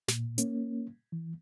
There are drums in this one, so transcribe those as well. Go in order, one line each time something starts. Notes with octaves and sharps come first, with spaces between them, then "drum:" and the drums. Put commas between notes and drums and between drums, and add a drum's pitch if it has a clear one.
A#2, drum: snare
A#3 C#4, drum: hi-hat
E3